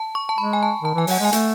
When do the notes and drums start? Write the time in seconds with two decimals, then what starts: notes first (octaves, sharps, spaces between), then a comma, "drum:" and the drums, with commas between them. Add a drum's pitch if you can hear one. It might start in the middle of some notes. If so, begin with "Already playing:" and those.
Already playing: A5
0.15 C#6
0.29 A5
0.38 G#3 B5
0.53 G#5
0.63 A5
0.82 D#3 A5
0.95 E3 G#5
1.07 F#3 F#5, drum: open hi-hat
1.20 G#3 G#5
1.33 A3, drum: hi-hat